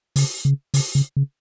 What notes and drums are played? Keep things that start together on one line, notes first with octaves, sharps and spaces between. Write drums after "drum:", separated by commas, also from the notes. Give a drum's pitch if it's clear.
C#3, drum: open hi-hat
C#3
C#3, drum: open hi-hat
C#3
C#3